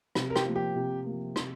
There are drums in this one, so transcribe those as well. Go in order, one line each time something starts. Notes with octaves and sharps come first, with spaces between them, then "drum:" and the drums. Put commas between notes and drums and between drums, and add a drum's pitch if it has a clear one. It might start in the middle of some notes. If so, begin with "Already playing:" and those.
C3, drum: rim click
A#4
G4, drum: rim click
F3 A#3
G4
C3
F3 A#3
C3, drum: rim click